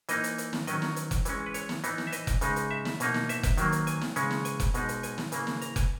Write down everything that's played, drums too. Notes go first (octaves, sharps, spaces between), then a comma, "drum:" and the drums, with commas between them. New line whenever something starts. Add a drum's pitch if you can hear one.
E3 A#3 D#4 D#5, drum: hi-hat
drum: hi-hat
drum: hi-hat
drum: snare
D#3 F#3 C#4 D#5, drum: hi-hat
drum: snare
drum: hi-hat
drum: kick F1, hi-hat
E3 G#3 C#4, drum: hi-hat
B4
C#5, drum: hi-hat
drum: snare
E3 B3 D#4, drum: hi-hat
drum: snare
E5
D#5, drum: hi-hat
drum: kick F1, hi-hat
C#3 G#3 D#4, drum: hi-hat
drum: hi-hat
E5
drum: snare
B2 A#3 D#4, drum: hi-hat
drum: snare
E5, drum: hi-hat
drum: kick F1, hi-hat
D#3 F#3 A#3, drum: hi-hat
drum: hi-hat
G#5, drum: hi-hat
drum: snare
C#3 G#3 C#4, drum: hi-hat
drum: snare
G#5, drum: hi-hat
drum: kick F1, hi-hat
B2 G#3 D#4, drum: hi-hat
drum: hi-hat
G#5, drum: hi-hat
drum: snare
C#3 E3 A#3, drum: hi-hat
drum: snare
A#5, drum: hi-hat
G#5, drum: kick F1, hi-hat